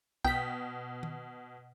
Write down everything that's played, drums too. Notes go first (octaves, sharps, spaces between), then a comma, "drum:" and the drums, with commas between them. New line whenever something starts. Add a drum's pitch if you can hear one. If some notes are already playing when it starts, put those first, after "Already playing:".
B2 G5 B6, drum: kick
drum: tom D#3